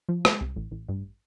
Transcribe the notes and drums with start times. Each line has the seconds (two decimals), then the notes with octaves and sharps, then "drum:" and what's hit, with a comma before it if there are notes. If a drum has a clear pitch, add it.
0.09 F3
0.25 G#3, drum: rim click
0.41 C2
0.56 A1
0.71 A1
0.88 G2